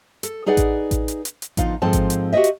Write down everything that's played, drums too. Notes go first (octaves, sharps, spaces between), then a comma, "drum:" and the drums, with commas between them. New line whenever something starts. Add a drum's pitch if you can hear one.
A4, drum: hi-hat
D#4 G#4 B4 D5 F#5
drum: kick A1, hi-hat
drum: kick A1, hi-hat
drum: hi-hat
drum: hi-hat
drum: hi-hat
D2 F3 B3 D#4 F4 F5, drum: kick A1, hi-hat
G#2 F3 C4 A4 C5 A5
drum: kick A1, hi-hat
drum: hi-hat
F#4 G4 A4 C5 D#5 E5
drum: hi-hat